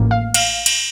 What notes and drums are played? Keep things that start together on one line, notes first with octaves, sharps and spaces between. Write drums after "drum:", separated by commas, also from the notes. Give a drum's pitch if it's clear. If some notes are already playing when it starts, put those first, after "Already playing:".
Already playing: A1 A2 F3 A#3
F5
F5, drum: cymbal
drum: cymbal